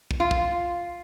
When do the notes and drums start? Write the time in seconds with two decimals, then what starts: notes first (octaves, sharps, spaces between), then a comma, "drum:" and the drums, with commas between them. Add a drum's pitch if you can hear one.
0.11 drum: kick
0.20 F4
0.31 drum: kick